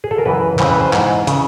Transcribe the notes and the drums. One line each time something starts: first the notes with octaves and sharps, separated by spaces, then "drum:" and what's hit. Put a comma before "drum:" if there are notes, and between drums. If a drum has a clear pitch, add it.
G#4
A4
A#4
F#2 C#3 E3 B4
F2 C#3 E3 C5, drum: clap
B4
C5
G#2 E3, drum: clap
C#3 E3, drum: hi-hat